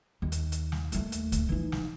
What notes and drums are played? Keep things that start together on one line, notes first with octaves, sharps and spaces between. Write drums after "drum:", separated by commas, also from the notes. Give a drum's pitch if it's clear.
D#2
drum: hi-hat
drum: hi-hat
drum: snare
D#2 A3, drum: hi-hat
drum: hi-hat
drum: kick C#2, hi-hat
E3 D#4
drum: snare